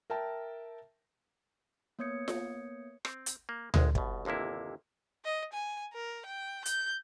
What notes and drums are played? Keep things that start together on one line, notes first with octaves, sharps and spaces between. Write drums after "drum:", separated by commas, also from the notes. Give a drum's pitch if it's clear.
A#4 E5 G5 A5
A#3 B3 C#5 D#6 G#6 C#7
drum: snare F4
C4, drum: rim click
drum: hi-hat
A#3
G#1 D2 G#3, drum: tom D2
C2 B2, drum: kick
G1 D#2 C3 A#3 E4
D#5
G#5
A#4
G5
G6, drum: hi-hat